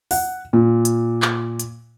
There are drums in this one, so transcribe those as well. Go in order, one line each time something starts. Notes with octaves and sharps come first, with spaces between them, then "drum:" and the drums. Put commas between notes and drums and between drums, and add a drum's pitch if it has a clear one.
F#5, drum: open hi-hat
A#2
drum: hi-hat
drum: clap
drum: hi-hat